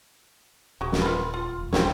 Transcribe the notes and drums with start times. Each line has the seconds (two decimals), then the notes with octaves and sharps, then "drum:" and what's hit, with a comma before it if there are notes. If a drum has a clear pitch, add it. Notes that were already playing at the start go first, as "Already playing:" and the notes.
0.81 D#1 F#4 G#4
0.92 drum: snare
1.02 F4 A#4 B4
1.34 F4
1.58 E1
1.73 D#1 C4 E4 C#5, drum: snare